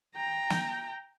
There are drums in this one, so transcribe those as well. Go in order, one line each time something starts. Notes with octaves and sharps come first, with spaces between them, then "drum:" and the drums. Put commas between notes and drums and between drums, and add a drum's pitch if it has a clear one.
G5 A#5
drum: snare